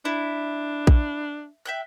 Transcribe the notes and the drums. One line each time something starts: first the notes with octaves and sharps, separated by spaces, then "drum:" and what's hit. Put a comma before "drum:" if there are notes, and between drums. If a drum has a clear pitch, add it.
D4 E4
drum: kick A#1
E5 G5 F#6